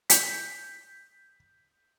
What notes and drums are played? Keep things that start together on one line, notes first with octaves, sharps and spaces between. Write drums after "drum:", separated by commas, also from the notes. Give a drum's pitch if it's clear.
G6 B6, drum: hi-hat